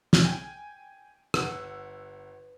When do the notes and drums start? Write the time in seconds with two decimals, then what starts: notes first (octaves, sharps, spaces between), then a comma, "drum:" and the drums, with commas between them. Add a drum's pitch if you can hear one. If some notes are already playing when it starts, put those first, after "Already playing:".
0.13 drum: snare
0.25 G5 G#5
1.34 G1 B4 F#5 E6, drum: rim click